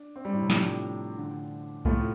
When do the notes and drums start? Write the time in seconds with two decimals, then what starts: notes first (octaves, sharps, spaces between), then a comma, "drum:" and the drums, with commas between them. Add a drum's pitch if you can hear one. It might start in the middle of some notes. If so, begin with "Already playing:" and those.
Already playing: D4
0.16 C4
0.25 G3
0.33 A2
0.42 C3
0.50 A2 F3 D4 G4, drum: snare
1.18 D3
1.85 A2 C3 A3 F4, drum: kick B1